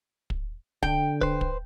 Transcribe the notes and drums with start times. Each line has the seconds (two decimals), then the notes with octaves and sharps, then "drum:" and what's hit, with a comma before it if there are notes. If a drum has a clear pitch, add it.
0.30 drum: kick
0.83 D3 G5, drum: kick
1.21 B4 C5, drum: kick
1.41 drum: kick